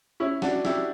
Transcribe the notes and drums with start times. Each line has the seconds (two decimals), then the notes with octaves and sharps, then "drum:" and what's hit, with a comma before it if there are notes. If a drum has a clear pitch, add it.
0.20 C#4 E4
0.42 D4 F#4, drum: snare
0.65 E4 G4, drum: snare